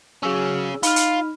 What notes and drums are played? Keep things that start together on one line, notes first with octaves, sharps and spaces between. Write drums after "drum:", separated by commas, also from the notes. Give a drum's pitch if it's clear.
C#3 F#3 C#4 G#4 E6
D#4 F4 B5 F6, drum: hi-hat
drum: hi-hat